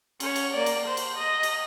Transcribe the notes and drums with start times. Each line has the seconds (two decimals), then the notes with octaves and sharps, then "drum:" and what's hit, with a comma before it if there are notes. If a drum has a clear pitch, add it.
0.20 C#4 C#5, drum: cymbal
0.36 drum: cymbal
0.55 A#3 D5
0.66 drum: cymbal
0.86 C5
0.97 drum: cymbal
1.18 D#5
1.43 drum: cymbal